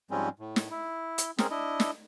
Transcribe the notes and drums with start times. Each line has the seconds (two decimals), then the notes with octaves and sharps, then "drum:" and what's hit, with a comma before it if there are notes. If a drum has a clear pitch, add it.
0.11 G#2 F3 G3 G#3 C4 C#4
0.39 A2
0.56 drum: snare
0.71 E4
1.18 drum: hi-hat
1.38 G#3 C4 C#4 G#4 A#4, drum: snare
1.51 D4 E4 D#5
1.80 drum: snare